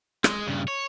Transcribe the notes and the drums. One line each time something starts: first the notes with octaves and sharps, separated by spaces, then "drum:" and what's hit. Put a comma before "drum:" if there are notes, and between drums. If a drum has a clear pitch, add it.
G#3, drum: rim click
G2 C#3
C#5